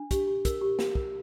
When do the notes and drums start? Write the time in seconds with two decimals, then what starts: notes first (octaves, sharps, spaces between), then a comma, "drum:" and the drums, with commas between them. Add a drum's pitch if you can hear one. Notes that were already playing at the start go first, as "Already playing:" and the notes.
Already playing: D4
0.11 G4, drum: kick, hi-hat
0.27 G4
0.45 A#4, drum: kick, hi-hat
0.61 G4
0.79 G4, drum: snare
0.95 A#4, drum: kick